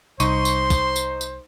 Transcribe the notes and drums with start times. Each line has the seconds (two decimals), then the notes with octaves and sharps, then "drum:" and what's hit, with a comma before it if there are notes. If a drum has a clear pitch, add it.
0.20 C2 D#4 C5 C6 C#6 D#7, drum: tambourine
0.45 drum: tambourine
0.70 drum: kick, tambourine
0.96 drum: tambourine
1.21 drum: tambourine